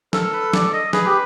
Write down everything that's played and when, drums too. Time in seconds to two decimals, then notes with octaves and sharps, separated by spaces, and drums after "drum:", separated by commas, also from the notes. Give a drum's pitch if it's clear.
0.13 A4 A#4, drum: snare
0.33 B4
0.54 D5, drum: snare
0.73 D#5
0.93 G#4 B4, drum: snare
1.05 G4